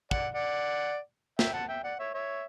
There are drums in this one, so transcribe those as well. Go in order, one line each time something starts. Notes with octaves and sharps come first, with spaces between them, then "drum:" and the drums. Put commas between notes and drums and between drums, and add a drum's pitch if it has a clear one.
D5 F#5, drum: kick
D5 F#5
E5 G5, drum: snare
F#5 A5
E5 G5
D5 F#5
C#5 E5
C#5 E5